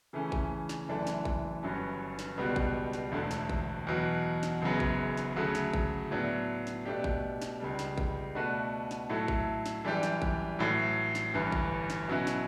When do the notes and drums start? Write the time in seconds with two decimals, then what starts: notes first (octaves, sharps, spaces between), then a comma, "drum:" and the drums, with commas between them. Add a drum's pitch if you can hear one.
0.13 C#3 E3 A3 C#4
0.32 drum: kick A1
0.69 drum: snare
0.88 F#1 F#2 E3 A3 D4
1.07 drum: snare
1.25 drum: kick A1
1.63 G1 G2 F#3 C#4
2.19 drum: snare
2.37 C#2 B2 G3 B3 F#4
2.56 drum: kick A1
2.93 drum: snare
3.12 E1 D2 D3 A3
3.31 drum: snare
3.49 drum: kick A1
3.87 E2 B2 F#3
4.43 drum: snare
4.62 F#1 F#2 C#3 F#3 B3
4.80 drum: kick A1
5.17 drum: snare
5.36 D2 C#3 F#3 A3
5.55 drum: snare
5.74 drum: kick A1
6.11 A2 F#3 B3 D4
6.67 drum: snare
6.86 B2 A3 D4 G4
7.04 drum: kick A1
7.42 drum: snare
7.60 C#2 C#3 G3
7.79 drum: snare
7.98 drum: kick A1
8.35 B2 A3 D4 F#4 B4
8.91 drum: snare
9.09 A2 F#3 A3 E4 A4
9.28 drum: kick A1
9.66 drum: snare
9.84 F#2 E3 G3 D4 G4
10.03 drum: snare
10.22 drum: kick A1
10.59 A1 A2 F#3
11.15 drum: snare
11.34 G1 G2 E3
11.52 drum: kick A1
11.90 drum: snare
12.08 B2 F#3 C#4 E4
12.27 drum: snare